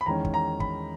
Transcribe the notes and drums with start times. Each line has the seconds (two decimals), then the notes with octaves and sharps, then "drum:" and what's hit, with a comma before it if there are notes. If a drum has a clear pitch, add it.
0.01 B5
0.06 E2 D#3 G#3 C#4 A#5
0.25 drum: kick
0.34 A#5
0.60 B5, drum: kick